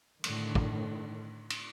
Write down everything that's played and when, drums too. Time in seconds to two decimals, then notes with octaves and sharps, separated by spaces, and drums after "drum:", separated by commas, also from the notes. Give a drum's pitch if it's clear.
0.24 A2 D3 D#3, drum: cymbal
0.55 drum: kick
1.50 drum: cymbal